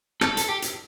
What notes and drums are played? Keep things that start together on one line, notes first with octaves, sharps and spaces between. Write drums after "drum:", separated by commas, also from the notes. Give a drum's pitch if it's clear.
A4, drum: rim click
A4, drum: hi-hat
G4
drum: hi-hat